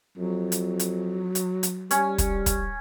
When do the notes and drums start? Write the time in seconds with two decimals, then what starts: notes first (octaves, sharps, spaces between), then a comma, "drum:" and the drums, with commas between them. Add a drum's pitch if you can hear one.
0.18 F2 F#3
0.52 drum: hi-hat
0.79 drum: hi-hat
1.35 drum: hi-hat
1.63 drum: hi-hat
1.91 G3 C#4, drum: hi-hat
2.18 drum: kick, hi-hat
2.46 drum: kick, hi-hat